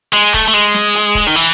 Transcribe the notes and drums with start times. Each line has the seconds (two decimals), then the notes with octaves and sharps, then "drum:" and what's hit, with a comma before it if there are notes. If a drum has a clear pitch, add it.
0.14 G#3, drum: hi-hat
0.34 A3, drum: kick
0.48 A3
0.54 G#3
0.74 drum: snare
0.95 drum: hi-hat
1.15 drum: kick, hi-hat
1.27 D#3
1.35 E3, drum: hi-hat